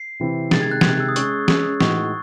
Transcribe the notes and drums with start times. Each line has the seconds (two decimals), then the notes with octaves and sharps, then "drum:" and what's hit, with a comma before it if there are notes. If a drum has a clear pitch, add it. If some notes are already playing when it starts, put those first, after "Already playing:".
Already playing: C7
0.20 C3 E3 C4 E4
0.51 C3 D#3 G#3 A6, drum: snare
0.62 G#6
0.71 F#6
0.81 C3 D#3 G#3 G#6, drum: snare
0.93 F#6
1.00 E6
1.09 D#6
1.16 G#3 C#4 G#4 C#6, drum: hi-hat
1.48 G#3 C#4 G#4, drum: snare
1.81 A2 E3 G#3 D#4 F#4 C#6, drum: snare